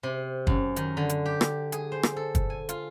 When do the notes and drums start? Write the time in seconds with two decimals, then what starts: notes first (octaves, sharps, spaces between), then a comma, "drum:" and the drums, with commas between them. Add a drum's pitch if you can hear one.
0.03 C3
0.47 F#2, drum: kick
0.76 D#3, drum: hi-hat
0.97 D3
1.09 drum: hi-hat
1.25 G4
1.41 drum: rim click
1.72 G#4, drum: hi-hat
1.92 C5
2.03 drum: rim click
2.16 A4
2.35 drum: kick, hi-hat
2.50 G#5
2.69 F4, drum: hi-hat